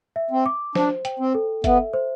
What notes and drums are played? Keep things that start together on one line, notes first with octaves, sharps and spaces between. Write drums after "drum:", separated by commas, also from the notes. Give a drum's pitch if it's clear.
E5
C4
D6
D4 C5, drum: snare
G5, drum: hi-hat
C4
A4
B3 E5, drum: kick F#1, hi-hat
C5